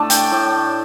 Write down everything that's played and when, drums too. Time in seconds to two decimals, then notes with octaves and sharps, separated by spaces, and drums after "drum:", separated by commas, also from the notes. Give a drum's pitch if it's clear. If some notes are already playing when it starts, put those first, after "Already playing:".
Already playing: A2 A3 D4 A5
0.10 G5, drum: hi-hat
0.32 A2